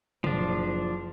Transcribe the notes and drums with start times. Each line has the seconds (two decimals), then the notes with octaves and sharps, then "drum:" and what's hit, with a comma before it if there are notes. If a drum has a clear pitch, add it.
0.24 F#1 F3 D4, drum: tom